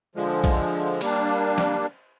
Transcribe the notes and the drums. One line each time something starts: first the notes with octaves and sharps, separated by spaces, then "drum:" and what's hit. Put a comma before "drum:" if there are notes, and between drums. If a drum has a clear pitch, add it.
D3 F3 G#3
drum: kick A#1, cymbal
G3 A#3 D4, drum: cymbal
drum: snare